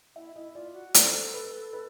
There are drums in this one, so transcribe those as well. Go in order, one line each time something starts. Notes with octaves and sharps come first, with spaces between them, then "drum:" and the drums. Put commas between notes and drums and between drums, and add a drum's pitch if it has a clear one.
E4 E5
E4 D#5
F4 D5
F#4
A4 C5, drum: hi-hat
B4
B4